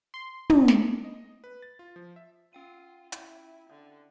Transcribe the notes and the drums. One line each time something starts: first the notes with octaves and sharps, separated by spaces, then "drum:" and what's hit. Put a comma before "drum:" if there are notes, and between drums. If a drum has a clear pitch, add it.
C6
drum: tom
drum: snare
D#5
B4
A6
F4
F3
E5
C#4 F4 G5 D#7
E4, drum: hi-hat
D3